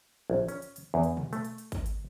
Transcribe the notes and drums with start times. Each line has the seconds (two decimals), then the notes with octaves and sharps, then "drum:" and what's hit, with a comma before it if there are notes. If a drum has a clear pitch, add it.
0.30 A#1
0.49 C#4, drum: hi-hat
0.62 drum: hi-hat
0.76 drum: hi-hat
0.94 E2
1.03 drum: hi-hat
1.17 drum: tom B2
1.33 A3, drum: hi-hat
1.45 drum: hi-hat
1.58 drum: hi-hat
1.72 drum: kick, hi-hat
1.86 drum: hi-hat